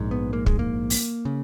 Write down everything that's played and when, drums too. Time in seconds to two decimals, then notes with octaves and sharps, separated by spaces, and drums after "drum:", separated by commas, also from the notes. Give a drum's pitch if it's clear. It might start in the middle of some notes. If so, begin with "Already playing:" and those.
Already playing: A#1 G#2
0.11 B3
0.33 A#3
0.46 G#3, drum: kick
0.59 A#3
0.90 drum: open hi-hat
1.25 C#3